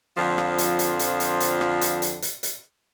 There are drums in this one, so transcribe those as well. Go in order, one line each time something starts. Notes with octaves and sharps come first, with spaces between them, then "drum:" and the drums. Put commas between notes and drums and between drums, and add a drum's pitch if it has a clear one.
F2 D3 F3
drum: rim click
drum: hi-hat
drum: hi-hat
drum: hi-hat
drum: hi-hat
drum: hi-hat
drum: rim click
drum: hi-hat
drum: hi-hat
drum: hi-hat
drum: hi-hat